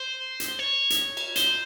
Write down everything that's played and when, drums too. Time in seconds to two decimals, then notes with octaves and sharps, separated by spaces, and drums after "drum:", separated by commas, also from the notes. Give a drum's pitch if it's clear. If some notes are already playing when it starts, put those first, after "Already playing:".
Already playing: C5
0.40 drum: hi-hat
0.59 C#5
0.90 drum: hi-hat
1.17 drum: cymbal
1.36 C5, drum: hi-hat